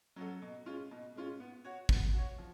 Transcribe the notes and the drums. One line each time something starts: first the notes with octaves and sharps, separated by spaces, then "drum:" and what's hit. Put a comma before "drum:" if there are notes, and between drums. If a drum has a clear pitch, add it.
F#3 C#4 F#4 A4
B2
G#3 C#4 F4
B2
G#3 C#4 F4
B3
F#4 C#5
B3, drum: kick
F#4 C#5
F3